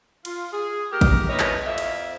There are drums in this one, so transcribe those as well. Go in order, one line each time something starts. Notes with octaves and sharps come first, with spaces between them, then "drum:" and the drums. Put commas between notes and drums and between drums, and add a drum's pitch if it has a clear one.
F4, drum: cymbal
G#4
G4 A#4
drum: kick A1, cymbal
D#4 E4 B4 C#5 D#5
drum: clap
F2 E5
drum: cymbal